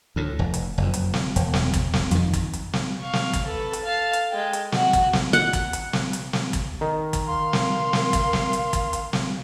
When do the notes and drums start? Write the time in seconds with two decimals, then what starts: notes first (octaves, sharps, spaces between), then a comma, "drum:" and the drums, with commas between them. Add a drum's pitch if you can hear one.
0.16 D2 A2
0.39 F1
0.54 drum: hi-hat
0.78 F#1 F2
0.94 drum: hi-hat
1.14 drum: snare
1.36 E1, drum: hi-hat
1.54 drum: snare
1.74 drum: kick, hi-hat
1.93 drum: snare
2.11 F2 D#3, drum: hi-hat
2.33 drum: kick, hi-hat
2.53 drum: hi-hat
2.73 drum: snare
3.00 F5 C#6
3.13 drum: snare
3.33 drum: kick, hi-hat
3.46 A4 B4
3.73 drum: hi-hat
3.85 F5 A5
4.13 drum: hi-hat
4.30 G#3 G5
4.53 drum: hi-hat
4.72 F#4 F#5, drum: snare
4.93 drum: kick, hi-hat
5.13 drum: snare
5.33 F#5, drum: hi-hat
5.53 drum: kick, hi-hat
5.73 drum: hi-hat
5.93 drum: snare
6.13 drum: hi-hat
6.33 drum: snare
6.53 drum: kick, hi-hat
6.81 D#3
7.13 drum: kick, hi-hat
7.27 A#4 F5 C6
7.53 drum: snare
7.93 drum: snare
8.13 drum: kick, hi-hat
8.33 drum: snare
8.53 drum: hi-hat
8.73 drum: kick, hi-hat
8.93 drum: hi-hat
9.13 drum: snare